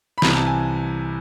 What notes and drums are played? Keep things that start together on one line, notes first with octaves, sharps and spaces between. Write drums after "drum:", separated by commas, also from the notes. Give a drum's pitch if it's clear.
B5
C2 C3 E3 A#5, drum: snare
A5
G#5